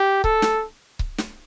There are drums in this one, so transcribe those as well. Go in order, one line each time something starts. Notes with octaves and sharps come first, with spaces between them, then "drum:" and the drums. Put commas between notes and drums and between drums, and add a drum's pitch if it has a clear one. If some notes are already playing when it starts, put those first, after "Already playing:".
Already playing: G4
A4, drum: kick C#1
drum: snare
drum: kick C#1
drum: snare